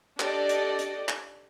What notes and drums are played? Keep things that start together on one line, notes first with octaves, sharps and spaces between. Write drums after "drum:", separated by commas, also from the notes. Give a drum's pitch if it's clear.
D4 G4 A4 D5 D#5, drum: clap
drum: hi-hat
drum: hi-hat
drum: clap